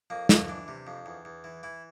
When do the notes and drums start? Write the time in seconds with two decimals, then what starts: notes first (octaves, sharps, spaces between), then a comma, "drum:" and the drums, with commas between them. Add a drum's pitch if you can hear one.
0.10 F2 A#3
0.29 F2 A#3, drum: snare
0.48 E3 D4
0.68 C3
0.87 F2
1.06 E2
1.25 E2
1.44 E3
1.63 E3 E4